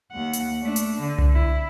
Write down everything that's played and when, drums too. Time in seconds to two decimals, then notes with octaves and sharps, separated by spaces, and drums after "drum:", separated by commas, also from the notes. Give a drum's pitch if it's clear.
0.12 D#2 F#5
0.33 drum: hi-hat
0.63 A3 D4
0.76 drum: hi-hat
1.00 D3
1.18 drum: tom C2
1.33 E4